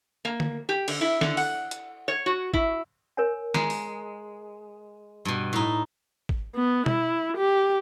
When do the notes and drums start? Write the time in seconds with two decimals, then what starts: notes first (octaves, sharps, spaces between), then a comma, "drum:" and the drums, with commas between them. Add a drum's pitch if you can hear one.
0.25 A#3
0.40 drum: tom D3
0.69 G4
0.88 D3, drum: cymbal
1.01 E4
1.21 D3, drum: snare
1.37 F#5, drum: open hi-hat
1.71 drum: hi-hat
2.08 C#5
2.26 F#4
2.54 E4, drum: kick G#1
3.17 A#4 C#5 G#5
3.54 G#3 A#5, drum: snare
3.70 drum: open hi-hat
5.25 G2 B2
5.53 A2 D#4
6.29 drum: kick G#1
6.55 B3
6.86 E4, drum: tom B2
7.37 G4